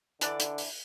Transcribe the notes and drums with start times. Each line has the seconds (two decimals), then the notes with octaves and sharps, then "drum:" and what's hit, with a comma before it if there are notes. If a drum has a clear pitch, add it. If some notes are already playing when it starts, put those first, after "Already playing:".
0.21 D3 E3 D4 D5, drum: hi-hat
0.40 drum: hi-hat
0.58 drum: open hi-hat